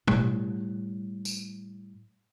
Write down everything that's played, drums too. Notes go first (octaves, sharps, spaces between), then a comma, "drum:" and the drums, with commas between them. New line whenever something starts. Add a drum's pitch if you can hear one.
A2 G3, drum: tom
drum: tambourine